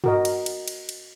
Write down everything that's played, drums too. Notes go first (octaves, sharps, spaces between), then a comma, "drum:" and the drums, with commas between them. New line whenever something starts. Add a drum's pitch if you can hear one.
F#4 A#4 D#5, drum: tom G2
drum: cymbal
drum: cymbal
drum: cymbal
drum: cymbal